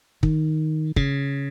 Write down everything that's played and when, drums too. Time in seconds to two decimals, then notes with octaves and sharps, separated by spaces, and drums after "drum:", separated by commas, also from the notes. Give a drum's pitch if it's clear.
0.23 D#3, drum: kick
0.96 C#3, drum: kick